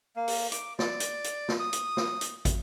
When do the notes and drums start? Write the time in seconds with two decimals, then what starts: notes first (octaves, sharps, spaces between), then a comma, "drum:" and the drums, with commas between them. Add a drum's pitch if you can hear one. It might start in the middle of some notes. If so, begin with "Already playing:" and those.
0.16 A#3
0.28 drum: open hi-hat
0.52 D6, drum: hi-hat
0.79 D5, drum: snare
1.00 drum: hi-hat
1.24 drum: hi-hat
1.48 drum: snare
1.60 D#6
1.73 drum: hi-hat
1.97 drum: snare
2.21 drum: hi-hat
2.45 drum: kick, hi-hat